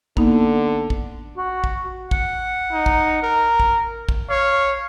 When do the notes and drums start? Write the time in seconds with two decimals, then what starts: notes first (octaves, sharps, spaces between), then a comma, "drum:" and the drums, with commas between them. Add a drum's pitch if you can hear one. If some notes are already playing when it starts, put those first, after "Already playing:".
0.17 D3 A#3 B3 D#4, drum: kick
0.90 drum: kick
1.37 F#4
1.64 drum: kick
2.11 F#5, drum: kick
2.72 D#4
2.86 drum: kick
3.22 A#4
3.60 drum: kick
4.09 drum: kick
4.30 C#5 F5